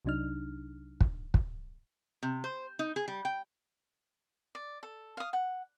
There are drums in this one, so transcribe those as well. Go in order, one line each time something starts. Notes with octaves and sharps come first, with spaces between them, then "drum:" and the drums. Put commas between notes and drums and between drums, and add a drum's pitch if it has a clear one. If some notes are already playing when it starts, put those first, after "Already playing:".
C2 C3 F#3 D4 D#4 F6
drum: kick
drum: kick
C3
C5
D#4
G#4
G3
G5
D5
A4
F5 D#6
F#5